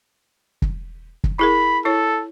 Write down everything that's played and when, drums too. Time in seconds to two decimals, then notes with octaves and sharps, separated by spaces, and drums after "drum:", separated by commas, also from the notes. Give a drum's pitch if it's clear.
0.62 drum: kick
1.24 drum: kick
1.39 E4 G#4 A#4 B5
1.85 E4 A4 C#5